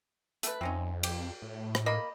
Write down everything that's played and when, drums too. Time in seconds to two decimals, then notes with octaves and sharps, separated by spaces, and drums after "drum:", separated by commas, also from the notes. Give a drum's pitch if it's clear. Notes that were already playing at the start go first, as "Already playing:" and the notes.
0.43 A3 B4, drum: hi-hat
0.61 F2 C4 C#4 D#4
1.03 G4, drum: cymbal
1.42 A2
1.75 drum: rim click
1.86 A#3 D#5 B5